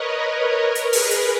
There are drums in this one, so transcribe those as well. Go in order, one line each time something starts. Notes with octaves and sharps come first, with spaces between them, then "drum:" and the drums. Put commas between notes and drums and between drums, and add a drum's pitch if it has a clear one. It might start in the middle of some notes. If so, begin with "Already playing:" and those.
Already playing: A#4 B4 C#5 D#5
B4 D#5
A#4 C#5
drum: hi-hat
G#4 B4, drum: open hi-hat
drum: hi-hat